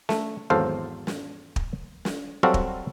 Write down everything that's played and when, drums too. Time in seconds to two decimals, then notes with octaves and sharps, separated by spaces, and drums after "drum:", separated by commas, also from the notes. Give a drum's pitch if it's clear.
0.09 A3, drum: snare
0.50 G#1 E2 F#3 A4 C5 F5
1.07 drum: snare
1.56 drum: kick
2.05 drum: snare
2.43 F#3 G3 C4 F#4 A4 F5
2.54 drum: kick